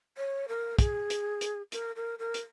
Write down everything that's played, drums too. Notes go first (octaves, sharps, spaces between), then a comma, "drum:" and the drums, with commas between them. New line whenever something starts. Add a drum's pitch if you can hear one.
C#5
A#4
G#4, drum: kick, hi-hat
drum: hi-hat
drum: hi-hat
A#4, drum: hi-hat
A#4
A#4
drum: hi-hat